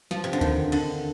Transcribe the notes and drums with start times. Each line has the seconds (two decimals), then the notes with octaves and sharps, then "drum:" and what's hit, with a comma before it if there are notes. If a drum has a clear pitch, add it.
0.11 F3, drum: snare
0.24 C3
0.33 D3
0.41 D#3, drum: kick D2
0.72 D3, drum: cymbal